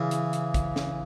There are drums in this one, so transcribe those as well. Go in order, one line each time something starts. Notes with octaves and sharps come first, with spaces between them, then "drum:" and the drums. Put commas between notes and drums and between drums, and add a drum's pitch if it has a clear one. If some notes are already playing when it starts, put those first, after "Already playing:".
Already playing: C#3 E3
drum: hi-hat
drum: hi-hat
drum: kick, hi-hat
drum: snare